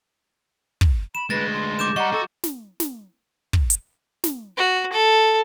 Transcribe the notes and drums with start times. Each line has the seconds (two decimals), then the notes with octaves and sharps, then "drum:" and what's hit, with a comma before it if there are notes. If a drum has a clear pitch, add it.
0.81 drum: kick
1.15 B5 E7
1.30 D2 G#3 B4 A6 A#6
1.53 C6
1.79 D6 G6 E7
1.96 G3 D#5 F#5 A#5 C#6
2.13 F#4 A4
2.44 drum: snare
2.80 drum: snare
3.53 drum: kick
3.70 drum: hi-hat
4.24 drum: snare
4.57 F#4
4.92 A4